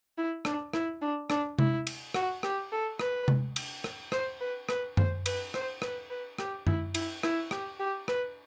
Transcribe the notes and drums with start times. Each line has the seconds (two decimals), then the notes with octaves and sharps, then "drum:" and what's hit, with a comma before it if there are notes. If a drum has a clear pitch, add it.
0.18 E4
0.45 D4, drum: rim click
0.73 E4, drum: rim click
1.01 D4
1.30 D4, drum: rim click
1.59 E4, drum: tom C3
1.87 drum: cymbal
2.14 F#4, drum: rim click
2.43 G4, drum: rim click
2.72 A4
2.99 B4, drum: rim click
3.28 drum: tom C3
3.56 drum: cymbal
3.84 drum: rim click
4.12 C5, drum: rim click
4.40 B4
4.69 B4, drum: rim click
4.97 C5, drum: tom F#2
5.26 B4, drum: cymbal
5.54 C5, drum: rim click
5.82 B4, drum: rim click
6.10 B4
6.39 G4, drum: rim click
6.67 E4, drum: tom F#2
6.94 E4, drum: cymbal
7.23 E4, drum: rim click
7.51 G4, drum: rim click
7.79 G4
8.08 B4, drum: rim click